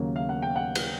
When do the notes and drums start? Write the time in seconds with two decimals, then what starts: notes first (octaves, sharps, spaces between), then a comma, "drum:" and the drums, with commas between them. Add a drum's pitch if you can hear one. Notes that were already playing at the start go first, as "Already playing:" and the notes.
Already playing: D#2 C#3 F#3 A#3
0.16 F5
0.29 F#5
0.42 G5
0.56 F#5
0.75 drum: cymbal